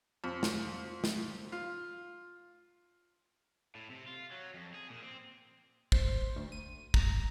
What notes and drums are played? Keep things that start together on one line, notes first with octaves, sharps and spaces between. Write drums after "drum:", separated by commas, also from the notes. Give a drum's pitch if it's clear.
F2
drum: snare
drum: snare
F4
A2
C3
F4
F#3
F2
G#4
A#2
C4
C5, drum: kick
D2
D#7
A#5, drum: kick